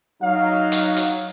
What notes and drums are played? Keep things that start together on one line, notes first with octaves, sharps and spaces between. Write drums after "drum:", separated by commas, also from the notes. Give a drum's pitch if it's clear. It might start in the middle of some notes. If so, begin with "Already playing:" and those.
F#3 D#4 F5
drum: hi-hat
drum: hi-hat